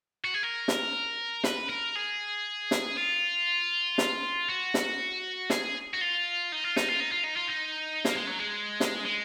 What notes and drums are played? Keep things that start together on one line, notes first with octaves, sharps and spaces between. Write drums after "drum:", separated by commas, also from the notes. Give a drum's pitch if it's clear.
F#4
G#4
A#4
drum: snare
B4, drum: snare
A#4
G#4
drum: snare
F4
drum: snare
F#4
drum: snare
G#4, drum: snare
F#4
F4
D#4
F4
D#4, drum: snare
F4
D#4
F4
D#4
F4
D#4
A#3, drum: snare
G#3
F#3
G#3
drum: snare
G#3